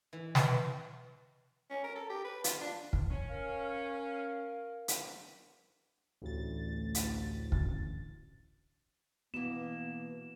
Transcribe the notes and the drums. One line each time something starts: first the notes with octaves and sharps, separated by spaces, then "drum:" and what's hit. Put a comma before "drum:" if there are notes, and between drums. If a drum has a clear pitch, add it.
E3
drum: snare
C#4
A#4
A4
G4
B4
F4, drum: hi-hat
D4
drum: kick
C#4
A#4 F5
drum: hi-hat
A1 D2 A6
drum: hi-hat
drum: kick
B2 E3 A#3 B3 E7